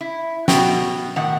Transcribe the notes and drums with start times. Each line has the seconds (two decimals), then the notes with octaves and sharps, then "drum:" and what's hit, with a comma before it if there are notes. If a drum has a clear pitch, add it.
0.01 E4
0.48 B2 B3 F#4 G5, drum: snare
1.16 A2 D#3 F#5